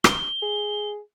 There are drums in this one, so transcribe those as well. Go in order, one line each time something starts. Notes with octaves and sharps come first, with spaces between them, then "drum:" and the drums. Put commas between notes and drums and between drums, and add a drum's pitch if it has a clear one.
G7, drum: rim click
G#4